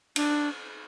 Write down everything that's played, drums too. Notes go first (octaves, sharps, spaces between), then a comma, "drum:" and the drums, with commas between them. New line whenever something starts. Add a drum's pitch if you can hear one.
D4, drum: cymbal